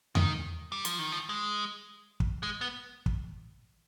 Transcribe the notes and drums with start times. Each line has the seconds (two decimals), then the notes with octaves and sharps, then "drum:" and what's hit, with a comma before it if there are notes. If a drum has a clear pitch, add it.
0.15 D#3, drum: tom E2
0.72 G3
0.85 F3, drum: hi-hat
0.99 D#3
1.12 F3
1.29 G#3
2.20 drum: kick
2.43 G#3
2.61 B3
3.06 drum: kick